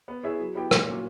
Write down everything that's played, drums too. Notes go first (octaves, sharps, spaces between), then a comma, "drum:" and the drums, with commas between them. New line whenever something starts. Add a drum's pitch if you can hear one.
B3
E4 G#4 C#5 E5
F#3
B3 E4 G4
A#2, drum: rim click
F#3 A#3 C#4